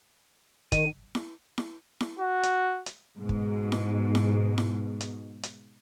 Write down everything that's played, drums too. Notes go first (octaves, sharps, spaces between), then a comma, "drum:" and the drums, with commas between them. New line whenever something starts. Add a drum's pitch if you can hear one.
D#3 D#7, drum: kick, hi-hat
drum: snare E4
drum: snare E4
drum: snare E4
F#4
drum: hi-hat
drum: hi-hat
G#2 B2
drum: kick
drum: snare E4
drum: snare E4
drum: snare E4
drum: hi-hat
drum: hi-hat